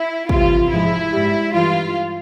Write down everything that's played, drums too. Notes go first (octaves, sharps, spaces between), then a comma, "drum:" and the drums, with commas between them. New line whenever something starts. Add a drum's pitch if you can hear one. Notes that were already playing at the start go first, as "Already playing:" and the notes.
Already playing: E4
F2 C3 E3 G3 F4, drum: kick
G#2 F3 G#3 E4
G#2 G3
G2 E3 G3 F4